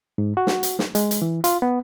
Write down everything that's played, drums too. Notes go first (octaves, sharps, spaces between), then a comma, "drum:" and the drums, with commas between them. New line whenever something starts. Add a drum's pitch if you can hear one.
G#2
F#4
drum: snare
drum: hi-hat
drum: snare
G#3, drum: hi-hat
drum: hi-hat
E3
F4, drum: hi-hat
B3